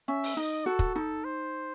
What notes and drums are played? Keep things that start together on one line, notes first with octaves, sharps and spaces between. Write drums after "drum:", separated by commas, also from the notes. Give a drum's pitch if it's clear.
C#4 E5
drum: open hi-hat
D#4 D#5
F#4 A4
drum: kick
D#4 A4
C5